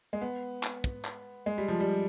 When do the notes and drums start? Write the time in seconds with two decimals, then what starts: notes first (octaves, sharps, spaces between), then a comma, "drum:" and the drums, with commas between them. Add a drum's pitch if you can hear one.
0.13 G#3
0.21 B3
0.63 drum: clap
0.84 drum: kick
1.05 drum: clap
1.46 G#3
1.58 G3
1.68 F3
1.80 G3